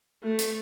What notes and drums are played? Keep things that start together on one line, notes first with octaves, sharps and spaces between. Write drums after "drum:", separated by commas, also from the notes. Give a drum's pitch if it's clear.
A3
drum: hi-hat